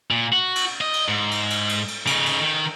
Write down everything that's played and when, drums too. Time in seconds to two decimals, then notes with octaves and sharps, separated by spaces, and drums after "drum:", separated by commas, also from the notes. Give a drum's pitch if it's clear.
0.11 A#2
0.32 F#4
0.56 drum: cymbal
0.81 D#5
0.93 drum: cymbal
1.08 G#2
1.31 drum: cymbal
1.50 drum: cymbal
1.69 drum: cymbal
1.88 drum: cymbal
2.07 C#3 D#4, drum: cymbal
2.26 drum: cymbal
2.42 D#3